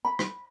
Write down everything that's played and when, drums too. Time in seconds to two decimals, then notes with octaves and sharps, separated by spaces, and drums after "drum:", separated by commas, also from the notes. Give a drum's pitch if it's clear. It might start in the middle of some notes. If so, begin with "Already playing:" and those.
0.05 B5
0.19 drum: rim click